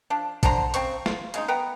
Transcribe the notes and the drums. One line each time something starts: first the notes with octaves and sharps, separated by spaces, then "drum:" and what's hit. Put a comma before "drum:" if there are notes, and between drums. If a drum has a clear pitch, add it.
F3 D4
D3 D4 C5 A#5, drum: kick, hi-hat
C#3 C4 C5 C#6, drum: hi-hat
F4, drum: snare
C#3 G#3 D#4, drum: hi-hat
B3 B4 G5 A#5